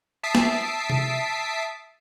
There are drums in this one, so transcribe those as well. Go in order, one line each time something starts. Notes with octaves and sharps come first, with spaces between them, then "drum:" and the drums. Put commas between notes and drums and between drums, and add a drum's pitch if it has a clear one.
E5 A5 D#6 B6 C7 D7
drum: snare
drum: tom C3